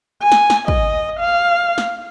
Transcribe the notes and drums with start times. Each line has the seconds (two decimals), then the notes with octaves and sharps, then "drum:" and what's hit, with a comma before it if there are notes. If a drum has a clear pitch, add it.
0.23 G#5
0.32 drum: snare
0.50 drum: snare
0.68 D#5, drum: kick
1.20 F5
1.78 drum: snare